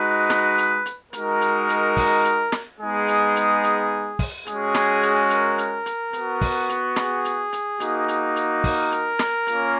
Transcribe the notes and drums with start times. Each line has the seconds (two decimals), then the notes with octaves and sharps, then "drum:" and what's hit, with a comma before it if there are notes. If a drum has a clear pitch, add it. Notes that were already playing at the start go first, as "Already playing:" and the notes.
Already playing: G#3 D#4 F#4 B4
0.30 drum: snare
0.58 drum: hi-hat
0.86 drum: hi-hat
1.13 G#3 D#4 F#4 A#4, drum: hi-hat
1.41 drum: hi-hat
1.69 drum: hi-hat
1.97 drum: kick, open hi-hat
2.25 drum: hi-hat
2.52 drum: snare
2.80 G#3 B3 D#4 G#4
3.08 drum: hi-hat
3.36 drum: hi-hat
3.63 drum: hi-hat
4.19 drum: kick, open hi-hat
4.47 G#3 C#4 F#4 G#4, drum: hi-hat
4.75 drum: snare
5.02 drum: hi-hat
5.30 A#4, drum: hi-hat
5.58 drum: hi-hat
5.86 drum: hi-hat
6.13 B3 F#4, drum: hi-hat
6.41 drum: kick, open hi-hat
6.69 drum: hi-hat
6.96 G#4, drum: snare
7.25 drum: hi-hat
7.53 drum: hi-hat
7.80 A#3 D#4 F#4, drum: hi-hat
8.08 drum: hi-hat
8.36 drum: hi-hat
8.64 A#4, drum: kick, open hi-hat
8.92 drum: hi-hat
9.19 drum: snare
9.47 A#3 C#4 F4, drum: hi-hat